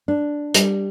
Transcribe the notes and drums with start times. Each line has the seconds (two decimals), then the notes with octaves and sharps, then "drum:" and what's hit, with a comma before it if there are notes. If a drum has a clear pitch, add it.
0.08 D4
0.54 G3, drum: hi-hat